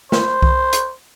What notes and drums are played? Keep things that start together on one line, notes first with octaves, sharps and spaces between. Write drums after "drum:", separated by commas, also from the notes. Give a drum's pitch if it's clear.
C5, drum: snare
drum: kick C2
drum: hi-hat